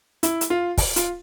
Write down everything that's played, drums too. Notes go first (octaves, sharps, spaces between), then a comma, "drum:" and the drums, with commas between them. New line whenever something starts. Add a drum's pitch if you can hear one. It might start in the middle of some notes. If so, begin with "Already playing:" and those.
E4, drum: hi-hat
drum: hi-hat
F4
drum: kick, open hi-hat
F4, drum: hi-hat